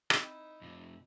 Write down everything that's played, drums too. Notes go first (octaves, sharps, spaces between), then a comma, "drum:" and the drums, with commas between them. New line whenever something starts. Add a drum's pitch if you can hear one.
C4 D#4 E4, drum: rim click
F2 C3